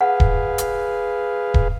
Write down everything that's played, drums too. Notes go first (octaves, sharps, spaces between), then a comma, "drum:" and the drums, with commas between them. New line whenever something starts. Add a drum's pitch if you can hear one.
G#4 B4 F5 F#5
drum: kick D#1
drum: hi-hat
drum: kick D#1